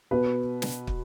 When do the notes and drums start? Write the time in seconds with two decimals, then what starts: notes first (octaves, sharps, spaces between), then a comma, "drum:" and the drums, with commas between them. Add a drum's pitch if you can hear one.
0.11 B2 B4
0.62 drum: snare
0.87 drum: kick